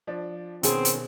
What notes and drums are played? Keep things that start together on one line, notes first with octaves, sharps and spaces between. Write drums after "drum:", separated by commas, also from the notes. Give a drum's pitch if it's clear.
F3 D4
B2 D#3 C4 C#4 G#4, drum: hi-hat
drum: hi-hat